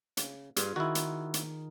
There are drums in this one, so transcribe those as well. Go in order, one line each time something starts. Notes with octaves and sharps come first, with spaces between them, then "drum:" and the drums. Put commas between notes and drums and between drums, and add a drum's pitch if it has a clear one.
C#3, drum: hi-hat
G2 F4 G#4, drum: hi-hat
D#3 E4 F#4
drum: hi-hat
drum: hi-hat